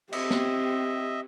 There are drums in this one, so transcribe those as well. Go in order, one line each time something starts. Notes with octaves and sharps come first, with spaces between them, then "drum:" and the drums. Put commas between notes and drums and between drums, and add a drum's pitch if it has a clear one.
C4 G4 D#5 E5, drum: cymbal
drum: snare